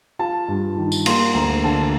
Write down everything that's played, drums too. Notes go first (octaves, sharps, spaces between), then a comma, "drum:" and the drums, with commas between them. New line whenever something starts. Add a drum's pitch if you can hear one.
F4 A5
G2
D#3
drum: tambourine
A#3 C6, drum: cymbal
D2 A#5
D3 A5